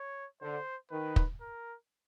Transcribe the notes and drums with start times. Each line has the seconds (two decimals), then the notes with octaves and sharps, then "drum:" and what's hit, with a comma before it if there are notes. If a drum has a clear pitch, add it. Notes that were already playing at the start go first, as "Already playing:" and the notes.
Already playing: C#5
0.41 D3 C5
0.91 D#3 B4
1.16 drum: kick
1.41 A#4